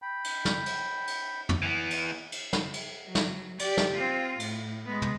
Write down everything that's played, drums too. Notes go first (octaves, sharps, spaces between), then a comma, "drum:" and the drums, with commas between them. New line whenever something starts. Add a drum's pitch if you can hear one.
G5 B5
drum: cymbal
drum: snare
drum: cymbal
drum: cymbal
drum: tom
E3 B3
drum: cymbal
drum: cymbal
drum: snare
drum: cymbal
F#3
drum: snare
G4 D5, drum: cymbal
drum: snare
C4 F4
A2, drum: cymbal
G#3 B3
drum: tom